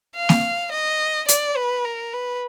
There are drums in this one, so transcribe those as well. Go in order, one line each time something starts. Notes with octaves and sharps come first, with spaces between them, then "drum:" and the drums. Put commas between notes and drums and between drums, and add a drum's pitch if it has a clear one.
F5
drum: snare A#3
D#5
D5, drum: hi-hat
B4
A#4
B4